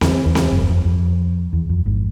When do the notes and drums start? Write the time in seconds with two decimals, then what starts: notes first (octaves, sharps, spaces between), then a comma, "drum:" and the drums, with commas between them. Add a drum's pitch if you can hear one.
0.01 E2, drum: snare C4
0.26 E2
0.35 drum: snare C4
0.51 F#1 F#2
0.63 E2
0.69 F2
0.85 F2
1.53 E2
1.69 F2
1.86 G#1 G#2